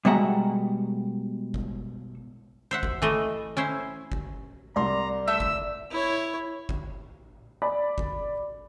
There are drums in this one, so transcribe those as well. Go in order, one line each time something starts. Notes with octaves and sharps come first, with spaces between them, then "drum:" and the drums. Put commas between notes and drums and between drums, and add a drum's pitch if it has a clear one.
B2 G3 G#3 E5 F#5 A#5
drum: kick G1
C5 E5 F#5
drum: kick G1
E3 A3 D#5
C#4 E4 C5
drum: kick G1
C2 D5 A#5 C6
A3 E5 E6
drum: kick G1
E4 C#5
drum: kick G1
D5 B5
drum: kick G1